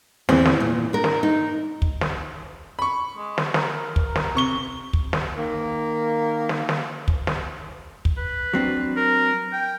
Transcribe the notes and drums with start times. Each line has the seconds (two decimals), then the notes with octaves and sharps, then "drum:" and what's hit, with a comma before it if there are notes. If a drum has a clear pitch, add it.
0.29 E2 E3 C4, drum: snare
0.45 drum: snare
0.60 A#2
0.93 D4 A#4
1.04 drum: snare
1.23 D#4
1.82 drum: kick
2.01 drum: snare
2.79 B5 C#6
3.17 G#3
3.38 drum: snare
3.54 A#4, drum: snare
3.96 drum: kick
4.16 drum: snare
4.35 C3 C#6 G7
4.93 drum: kick
5.13 drum: snare
5.36 D#3 A#3
6.49 drum: snare
6.69 drum: snare
7.08 drum: kick
7.27 drum: snare
8.05 drum: kick
8.18 B4
8.53 F#3 C4 D4
8.97 A#4
9.53 G5